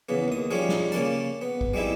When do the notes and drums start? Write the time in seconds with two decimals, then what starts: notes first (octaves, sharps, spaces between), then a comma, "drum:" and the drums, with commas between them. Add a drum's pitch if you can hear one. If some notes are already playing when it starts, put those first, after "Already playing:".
0.09 E2 C#3 B3
0.28 D#2 D#6
0.51 F3 G3 G#3 C#4 G#4
0.69 drum: snare
0.92 C#3 A#3 C#4 A5, drum: hi-hat
1.42 B3
1.61 drum: kick
1.74 G3 G#3 C4 D#4 E4